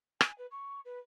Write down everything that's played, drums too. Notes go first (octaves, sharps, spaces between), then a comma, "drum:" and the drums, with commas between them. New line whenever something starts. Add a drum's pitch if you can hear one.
G#5, drum: rim click
B4
C#6
B4